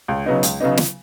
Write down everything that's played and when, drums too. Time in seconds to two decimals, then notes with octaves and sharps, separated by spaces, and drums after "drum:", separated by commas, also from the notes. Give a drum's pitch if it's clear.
0.08 C#2
0.26 C#3 F#3 B3 D#4
0.43 C#2, drum: hi-hat
0.60 C#3 F#3 B3 D#4
0.77 drum: snare